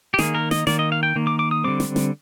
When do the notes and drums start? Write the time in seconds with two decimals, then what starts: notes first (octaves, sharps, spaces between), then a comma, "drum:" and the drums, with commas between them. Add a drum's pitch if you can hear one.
0.14 G4
0.19 D#3 A#3 G#4, drum: snare
0.35 A#4
0.51 D#5, drum: snare
0.67 D#3 A#3 D5, drum: snare
0.79 D#5
0.92 F5
1.03 G5
1.16 D#3 A#3
1.27 D6
1.39 D6
1.51 D#6
1.64 D3 G3 C4 D6
1.80 drum: snare
1.96 drum: snare